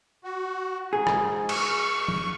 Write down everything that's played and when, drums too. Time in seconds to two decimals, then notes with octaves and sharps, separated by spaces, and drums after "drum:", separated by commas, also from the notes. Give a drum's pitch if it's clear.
0.24 F#4
0.93 G#2 G#4
1.07 drum: rim click
1.49 C#6, drum: cymbal
2.08 drum: tom F3